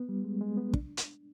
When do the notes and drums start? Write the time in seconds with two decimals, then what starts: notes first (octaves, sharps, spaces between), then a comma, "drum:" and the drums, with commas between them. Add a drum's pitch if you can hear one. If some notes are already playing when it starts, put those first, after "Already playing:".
Already playing: B3
0.09 G3
0.24 G#3
0.41 G#3
0.57 B3
0.74 D4, drum: kick
0.97 drum: hi-hat